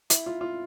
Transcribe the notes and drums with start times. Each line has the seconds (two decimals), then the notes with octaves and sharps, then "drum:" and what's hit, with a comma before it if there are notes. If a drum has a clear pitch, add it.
0.10 E4, drum: hi-hat
0.26 F4
0.41 F4